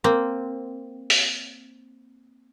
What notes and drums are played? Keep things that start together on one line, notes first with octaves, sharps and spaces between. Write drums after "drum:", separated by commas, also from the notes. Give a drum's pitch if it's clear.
A#3 C4
drum: open hi-hat